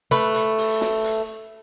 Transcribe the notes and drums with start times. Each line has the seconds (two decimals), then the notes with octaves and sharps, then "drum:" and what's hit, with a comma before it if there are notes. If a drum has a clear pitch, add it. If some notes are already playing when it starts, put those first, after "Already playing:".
0.11 A3 B4, drum: hi-hat
0.35 drum: hi-hat
0.58 drum: open hi-hat
0.81 drum: snare
1.04 drum: hi-hat